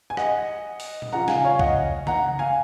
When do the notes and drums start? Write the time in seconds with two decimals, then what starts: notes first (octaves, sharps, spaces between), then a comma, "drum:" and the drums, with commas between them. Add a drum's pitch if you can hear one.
0.10 G#5
0.17 D#5 F#5, drum: rim click
0.80 drum: open hi-hat
1.02 drum: tom
1.12 C#3 F3 F#5 A#5
1.28 F5 G#5, drum: snare
1.44 C#5 F5
1.59 D#5 F#5, drum: kick
2.07 F#5 A#5, drum: tom C#3
2.39 F5 G#5